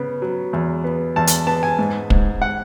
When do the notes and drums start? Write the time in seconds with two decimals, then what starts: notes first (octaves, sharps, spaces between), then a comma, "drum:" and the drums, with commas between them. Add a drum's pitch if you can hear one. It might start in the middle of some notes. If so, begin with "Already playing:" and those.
Already playing: C#3 B3
0.22 F#3
0.53 E2
0.84 B3
1.16 E2 A5
1.27 drum: hi-hat
1.47 B3 A5
1.63 G#5
1.79 G#2
2.10 G#2, drum: kick
2.42 F#5